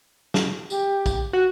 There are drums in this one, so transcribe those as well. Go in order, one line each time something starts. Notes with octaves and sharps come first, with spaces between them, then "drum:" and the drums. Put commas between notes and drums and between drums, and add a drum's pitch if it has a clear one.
drum: snare
G4, drum: tambourine
drum: kick, tambourine
F#4